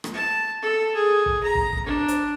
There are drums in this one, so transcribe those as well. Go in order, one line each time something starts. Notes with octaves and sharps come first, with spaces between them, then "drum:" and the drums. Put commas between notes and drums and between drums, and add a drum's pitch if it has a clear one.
drum: rim click
A5
A4
G#4
drum: kick
A#5
drum: kick
drum: kick
D4
drum: hi-hat